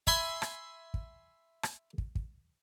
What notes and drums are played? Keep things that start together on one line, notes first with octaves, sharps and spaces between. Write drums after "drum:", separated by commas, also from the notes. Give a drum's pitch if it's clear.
E5 G#5 B5 C6, drum: kick
drum: rim click
drum: kick
drum: rim click
drum: kick
drum: kick